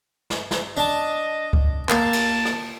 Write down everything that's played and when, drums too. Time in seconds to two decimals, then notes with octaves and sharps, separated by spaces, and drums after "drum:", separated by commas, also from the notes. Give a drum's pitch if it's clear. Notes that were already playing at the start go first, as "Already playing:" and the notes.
0.30 drum: snare
0.51 drum: snare
0.77 D4 D#5 A5
1.53 drum: kick C#2
1.89 A#3 A5, drum: clap
2.13 drum: cymbal
2.45 drum: rim click